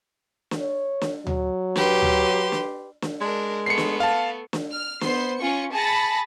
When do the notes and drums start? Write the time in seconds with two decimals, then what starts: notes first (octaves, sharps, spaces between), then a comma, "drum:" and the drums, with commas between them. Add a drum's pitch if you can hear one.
0.51 drum: snare
0.61 C#5
1.01 drum: snare
1.27 F#3, drum: tom D2
1.76 G4 B4 C6, drum: snare
2.02 drum: tom D2
2.52 drum: snare
3.02 drum: snare
3.21 G#3 D4 A#4
3.66 A3 B3 C7 C#7
3.78 drum: snare
4.00 F5 A5
4.53 drum: snare
4.72 F6
5.01 B3 C5 C6 C7, drum: snare
5.38 C#4 F4 C#6 C#7
5.72 G#4 A5 B5 A6 A#6 C#7